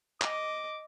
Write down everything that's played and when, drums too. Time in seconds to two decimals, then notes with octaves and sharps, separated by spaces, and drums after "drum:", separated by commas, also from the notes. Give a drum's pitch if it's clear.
0.21 D#5 D6, drum: clap